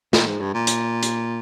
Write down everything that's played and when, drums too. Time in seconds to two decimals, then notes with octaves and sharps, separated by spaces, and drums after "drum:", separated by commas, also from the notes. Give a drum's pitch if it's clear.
0.13 A#2, drum: snare
0.27 G#2
0.40 G2
0.54 A#2
0.67 drum: hi-hat
1.03 drum: hi-hat